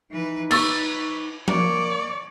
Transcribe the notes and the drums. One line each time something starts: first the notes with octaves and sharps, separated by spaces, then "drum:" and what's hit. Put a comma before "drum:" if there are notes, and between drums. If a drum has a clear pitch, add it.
E3 D#4 B4
B4 C#6 E6 A6, drum: cymbal
A#3 C#5 D5, drum: tom F3